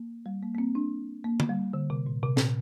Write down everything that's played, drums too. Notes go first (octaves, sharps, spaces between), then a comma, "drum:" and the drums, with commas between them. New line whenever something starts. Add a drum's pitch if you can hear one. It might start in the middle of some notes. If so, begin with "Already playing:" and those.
Already playing: A#3
G3
A#3
A#3
C4
D4
A#3
drum: tom
G3
D3
C3
A#2
C3
A#2, drum: snare